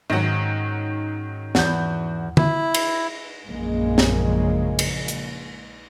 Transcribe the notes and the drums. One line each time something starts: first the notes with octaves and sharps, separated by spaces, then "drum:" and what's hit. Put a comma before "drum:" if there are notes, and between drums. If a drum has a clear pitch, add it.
G#2 D#3 F#3 C#4 A#6
E2 F#4 G6, drum: snare
E4, drum: tom
drum: cymbal
A#1 F#2 C#3 G#3 A#3
drum: snare
drum: cymbal
drum: hi-hat